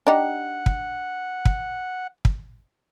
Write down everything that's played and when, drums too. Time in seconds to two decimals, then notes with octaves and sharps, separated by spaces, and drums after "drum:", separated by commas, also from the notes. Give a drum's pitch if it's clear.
0.07 D4 D#4 G4 F#5
0.66 drum: kick
1.45 drum: kick
2.25 drum: kick